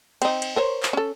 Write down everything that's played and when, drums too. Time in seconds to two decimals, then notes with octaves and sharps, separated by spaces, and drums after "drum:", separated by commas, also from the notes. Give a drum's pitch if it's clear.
0.22 C4 D#4, drum: cymbal
0.42 drum: cymbal
0.56 A#4 C5 C#5
0.83 drum: clap
0.93 C#4 A4